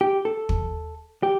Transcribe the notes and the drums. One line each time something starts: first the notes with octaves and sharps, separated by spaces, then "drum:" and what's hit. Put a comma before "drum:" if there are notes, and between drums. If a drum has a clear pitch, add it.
G4
A4
drum: kick
G4